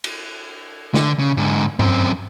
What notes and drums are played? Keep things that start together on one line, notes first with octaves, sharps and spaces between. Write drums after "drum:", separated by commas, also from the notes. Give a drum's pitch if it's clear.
drum: cymbal
D3, drum: snare
C#3
G#2 D3
F#2 C4, drum: tom G2